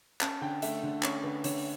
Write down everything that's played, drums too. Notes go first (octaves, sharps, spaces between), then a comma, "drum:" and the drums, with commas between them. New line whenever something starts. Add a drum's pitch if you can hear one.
C#4 A5, drum: clap
D3 G5
A3 E5, drum: hi-hat
D3
C#4 C#5, drum: clap
D3 B4
D3 C#5, drum: hi-hat
drum: open hi-hat